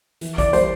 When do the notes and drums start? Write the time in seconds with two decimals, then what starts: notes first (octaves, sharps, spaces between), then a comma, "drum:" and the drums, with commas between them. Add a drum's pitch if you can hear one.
0.21 E3, drum: hi-hat
0.38 D5, drum: kick G#1, hi-hat
0.53 G3 C5, drum: hi-hat